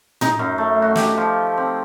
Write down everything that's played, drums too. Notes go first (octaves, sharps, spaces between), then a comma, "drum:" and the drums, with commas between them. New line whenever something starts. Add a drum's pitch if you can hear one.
D#4, drum: tom A2
F#2
A3
F#4
G4, drum: snare
F3
C4